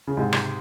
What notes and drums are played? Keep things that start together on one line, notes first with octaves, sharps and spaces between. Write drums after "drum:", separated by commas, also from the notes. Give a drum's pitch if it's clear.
C#3
G#2 C3
drum: rim click